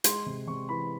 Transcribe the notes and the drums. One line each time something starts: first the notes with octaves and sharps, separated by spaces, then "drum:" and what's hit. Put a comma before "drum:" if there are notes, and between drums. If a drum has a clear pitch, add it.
G#3 C6, drum: hi-hat
C3
C3 C#6
E3 B5